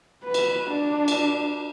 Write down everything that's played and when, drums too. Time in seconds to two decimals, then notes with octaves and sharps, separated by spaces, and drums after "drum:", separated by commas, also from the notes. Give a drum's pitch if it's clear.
0.25 B4
0.34 drum: cymbal
0.71 D4
1.08 drum: cymbal